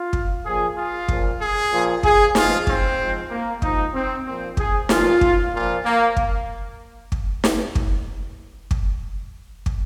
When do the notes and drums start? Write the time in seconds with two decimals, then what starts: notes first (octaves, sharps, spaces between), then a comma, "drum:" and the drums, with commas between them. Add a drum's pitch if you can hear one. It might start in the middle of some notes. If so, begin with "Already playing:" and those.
Already playing: F4
0.13 drum: kick
0.44 A#2 F3 G#4
0.76 F4
1.08 A#2 F3, drum: kick
1.40 G#4
1.71 A#2 F3
2.03 G#4, drum: kick
2.35 G#2 F3 F4, drum: snare
2.67 C4, drum: kick
2.98 G#2 F3
3.31 A#3
3.62 G#2 F3 D#4, drum: kick
3.94 C4
4.26 A#2 F3 C4
4.57 G#4, drum: kick
4.89 A#2 F3 F4, drum: snare
5.21 drum: kick
5.53 A#2 F3 F4
5.85 A#3
6.17 drum: kick
7.12 drum: kick
7.44 drum: snare
7.75 drum: kick
8.71 drum: kick
9.66 drum: kick